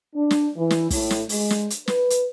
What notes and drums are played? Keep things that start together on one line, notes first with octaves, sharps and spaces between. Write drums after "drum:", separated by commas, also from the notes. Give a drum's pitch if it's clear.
D4
drum: snare
E3
drum: snare
A2, drum: kick, open hi-hat
drum: snare
G#3, drum: open hi-hat
drum: snare
drum: hi-hat
B4, drum: snare
drum: hi-hat